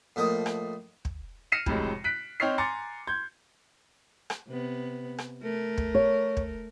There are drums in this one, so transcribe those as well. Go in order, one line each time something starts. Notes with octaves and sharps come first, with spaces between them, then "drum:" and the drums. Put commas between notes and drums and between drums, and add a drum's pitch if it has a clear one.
A2 F3 A#3 D#5
drum: rim click
drum: kick
F6 A#6 C7 C#7 D#7 E7
F2 A2 C3 F#3 G#3, drum: kick
F#6 B6 D7
C4 D#4 C#5 F6 C7
G#5 A#5 C6 D6 A6 C#7
C6 G6 G#6
drum: rim click
C3 B3
drum: rim click
A3 A#4
drum: kick
C#5
drum: kick